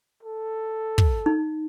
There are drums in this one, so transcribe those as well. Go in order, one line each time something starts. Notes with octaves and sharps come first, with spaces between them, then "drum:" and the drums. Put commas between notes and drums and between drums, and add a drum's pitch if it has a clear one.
A4
drum: kick
D#4